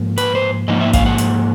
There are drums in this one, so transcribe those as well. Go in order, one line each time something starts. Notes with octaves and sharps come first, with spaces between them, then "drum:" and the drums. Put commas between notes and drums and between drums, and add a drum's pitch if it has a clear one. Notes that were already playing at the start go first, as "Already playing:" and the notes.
Already playing: G#2 F3 A#3
B4, drum: hi-hat
C5
G#2 F3 A#3 D#4 D#5
E5
F5, drum: kick, hi-hat
F#5
drum: hi-hat